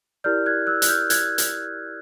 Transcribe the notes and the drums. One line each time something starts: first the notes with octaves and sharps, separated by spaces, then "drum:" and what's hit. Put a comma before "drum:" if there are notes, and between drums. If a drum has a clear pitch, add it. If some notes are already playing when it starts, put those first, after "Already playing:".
E4 G4 A#4 D5 F6 G6
F#6 G#6
E6 F#6
F#6, drum: hi-hat
F6 G6
F#6 G#6, drum: hi-hat
drum: hi-hat